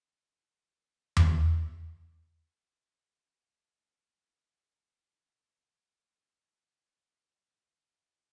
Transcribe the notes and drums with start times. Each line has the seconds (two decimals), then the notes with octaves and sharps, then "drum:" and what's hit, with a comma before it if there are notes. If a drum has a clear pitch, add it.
0.16 F#6 G#6 B6 D7 F7
1.17 drum: tom E2
2.41 A4 B4 D#5 G5
5.17 C2 G2 F3 B4
5.47 F#5
5.89 D#5
6.32 C4 D#4